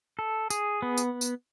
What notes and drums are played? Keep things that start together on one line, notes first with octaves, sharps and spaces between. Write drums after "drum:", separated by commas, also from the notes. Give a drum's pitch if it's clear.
A4
G#4, drum: tambourine
B3
drum: tambourine
drum: tambourine